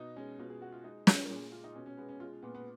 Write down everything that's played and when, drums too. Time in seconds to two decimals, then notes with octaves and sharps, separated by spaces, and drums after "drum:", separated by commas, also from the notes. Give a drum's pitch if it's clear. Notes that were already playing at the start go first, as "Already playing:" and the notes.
Already playing: B2 D#4
0.16 G#3 C#4
0.39 B2 F4
0.50 G#4
0.61 G#3 F#4
0.72 F4
0.84 G#3 D#4
1.07 C#3 F4, drum: snare
1.24 A#4
1.30 A#2 G#4
1.42 G#4
1.52 G#3 F4
1.64 D#4
1.75 B2 C#4
1.86 C#4
1.97 G#3 B3
2.09 C#4
2.20 G#3 F4
2.43 A#2 B3
2.55 B3